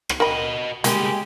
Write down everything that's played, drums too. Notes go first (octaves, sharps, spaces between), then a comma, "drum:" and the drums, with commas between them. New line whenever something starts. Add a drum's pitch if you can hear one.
drum: rim click
F#4 A#4 D#5 G5 B5
C#3 G3 G#3 A#3 G4 G#4, drum: hi-hat